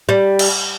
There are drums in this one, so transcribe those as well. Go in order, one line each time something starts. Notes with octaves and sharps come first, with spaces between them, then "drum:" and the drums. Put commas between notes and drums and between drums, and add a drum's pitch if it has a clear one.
G3
drum: cymbal